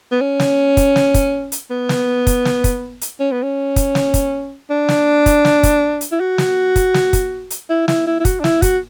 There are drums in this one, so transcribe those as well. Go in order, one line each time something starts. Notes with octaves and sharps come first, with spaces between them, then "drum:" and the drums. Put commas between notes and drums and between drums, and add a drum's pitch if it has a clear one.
B3
C#4
drum: snare
drum: kick, hi-hat
drum: snare
drum: kick, hi-hat
drum: hi-hat
B3
drum: snare
drum: kick, hi-hat
drum: snare
drum: kick, hi-hat
drum: hi-hat
C#4
B3
C#4
drum: kick, hi-hat
drum: snare
drum: kick, hi-hat
D4
drum: snare
drum: kick, hi-hat
drum: snare
drum: kick, hi-hat
drum: hi-hat
E4
F#4
drum: snare
drum: kick, hi-hat
drum: snare
drum: kick, hi-hat
drum: hi-hat
E4
E4, drum: snare
E4
E4
F#4, drum: kick, hi-hat
D4
E4, drum: snare
F#4, drum: kick, hi-hat